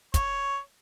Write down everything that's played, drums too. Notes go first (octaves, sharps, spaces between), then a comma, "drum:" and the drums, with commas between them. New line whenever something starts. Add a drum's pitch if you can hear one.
C#5, drum: kick, hi-hat